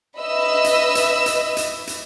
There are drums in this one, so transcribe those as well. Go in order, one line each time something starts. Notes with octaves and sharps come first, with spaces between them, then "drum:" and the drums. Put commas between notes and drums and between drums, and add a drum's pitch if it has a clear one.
B4 D#5 E5 E6
drum: hi-hat
drum: hi-hat
drum: hi-hat
drum: hi-hat
drum: hi-hat